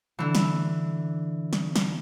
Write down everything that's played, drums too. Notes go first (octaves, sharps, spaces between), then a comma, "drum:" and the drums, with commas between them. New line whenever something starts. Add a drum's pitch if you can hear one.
D3 E3
drum: snare
drum: snare
drum: snare